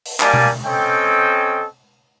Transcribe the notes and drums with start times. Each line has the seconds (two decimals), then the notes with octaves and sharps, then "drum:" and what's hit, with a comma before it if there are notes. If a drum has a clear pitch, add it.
0.06 drum: open hi-hat
0.20 G3 A#3 D5 F5 G#5 A5, drum: clap
0.34 drum: tom B2
0.66 C4 C#4 A4 D#5 G5